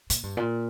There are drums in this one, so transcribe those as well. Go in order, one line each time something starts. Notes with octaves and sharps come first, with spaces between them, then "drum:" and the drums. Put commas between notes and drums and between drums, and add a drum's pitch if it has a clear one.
A#2, drum: hi-hat
G2
A#2